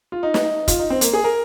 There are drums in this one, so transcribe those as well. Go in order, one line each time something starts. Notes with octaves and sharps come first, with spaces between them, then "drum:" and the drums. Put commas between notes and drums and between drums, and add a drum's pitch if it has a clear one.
F4
D#4
drum: snare
F4, drum: kick, hi-hat
D#4
C4
A#3, drum: hi-hat
G#4
A#4